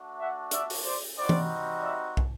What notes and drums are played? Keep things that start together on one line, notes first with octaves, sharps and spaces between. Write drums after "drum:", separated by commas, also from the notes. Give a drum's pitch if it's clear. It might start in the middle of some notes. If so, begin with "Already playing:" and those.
Already playing: A3 D4 F#4
E5 F#5
D5 E5, drum: hi-hat
drum: open hi-hat
C5 D5
G3 C4 D#4 F#4 C5 D5
drum: tom E3
D5 E5
drum: kick